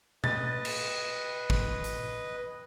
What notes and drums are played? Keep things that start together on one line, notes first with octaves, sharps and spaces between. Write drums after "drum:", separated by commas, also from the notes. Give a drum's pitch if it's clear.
B4 D#5 A6, drum: tom B2
drum: cymbal
drum: kick
drum: hi-hat